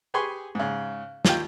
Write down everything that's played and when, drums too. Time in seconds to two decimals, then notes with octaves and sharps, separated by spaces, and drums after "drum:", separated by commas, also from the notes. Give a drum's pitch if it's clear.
0.14 G4 G#4 B4 G#5 C6 C#6
0.55 G#2 C#3
1.25 D#2 F4 G5, drum: snare